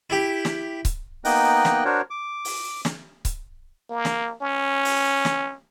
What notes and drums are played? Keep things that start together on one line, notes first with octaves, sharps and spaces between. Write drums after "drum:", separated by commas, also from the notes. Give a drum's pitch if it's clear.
E4 G4
drum: snare
drum: kick C#1, hi-hat
A#3 B3 D#4 D#5 G5 F#6, drum: open hi-hat
drum: snare
D4 F#4 A#4 C5 C#5
D6
drum: open hi-hat
drum: snare
drum: kick C#1, hi-hat
A#3
drum: snare
C#4
drum: open hi-hat
drum: snare